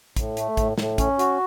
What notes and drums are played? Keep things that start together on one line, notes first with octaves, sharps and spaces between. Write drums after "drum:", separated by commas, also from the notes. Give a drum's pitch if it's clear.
A2, drum: kick, hi-hat
A3, drum: hi-hat
A2, drum: kick, hi-hat
A2, drum: snare
C#4, drum: kick, hi-hat
F#4, drum: hi-hat